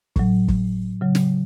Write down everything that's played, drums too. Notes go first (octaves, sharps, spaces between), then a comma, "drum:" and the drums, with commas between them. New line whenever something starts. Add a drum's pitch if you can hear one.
A2 F#3, drum: kick
drum: kick
C#3 F#3
drum: snare